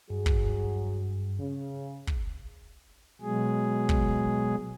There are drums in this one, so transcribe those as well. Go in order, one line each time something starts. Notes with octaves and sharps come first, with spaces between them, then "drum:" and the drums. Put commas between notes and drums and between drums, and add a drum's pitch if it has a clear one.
G2 F#3 F#4 G#4
drum: kick
C#3
drum: kick
B2 F#3 G#3 G#4
drum: kick